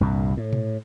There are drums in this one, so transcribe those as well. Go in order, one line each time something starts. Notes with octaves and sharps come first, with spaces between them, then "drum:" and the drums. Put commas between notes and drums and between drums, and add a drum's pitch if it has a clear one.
C2 G2 A#2
A2
drum: tom A#2